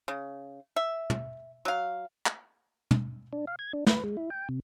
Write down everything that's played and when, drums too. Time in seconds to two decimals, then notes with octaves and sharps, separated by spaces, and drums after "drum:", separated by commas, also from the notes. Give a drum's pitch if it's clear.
0.08 C#3
0.76 E5
1.10 drum: tom
1.65 F#3 F5
2.26 drum: clap
2.91 drum: tom
3.33 D4
3.47 F5
3.59 G#6
3.73 D4
3.87 B4, drum: snare
4.04 G#3
4.17 E4
4.30 G5
4.49 C3